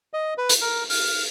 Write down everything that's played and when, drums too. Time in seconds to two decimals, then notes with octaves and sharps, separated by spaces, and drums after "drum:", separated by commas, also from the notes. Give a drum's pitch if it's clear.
0.13 D#5
0.38 B4
0.49 drum: hi-hat
0.61 A#4
0.90 F6, drum: open hi-hat